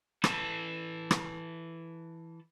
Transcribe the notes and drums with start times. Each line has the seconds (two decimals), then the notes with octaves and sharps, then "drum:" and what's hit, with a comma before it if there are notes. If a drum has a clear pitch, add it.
0.24 E3 A4, drum: rim click
1.11 drum: rim click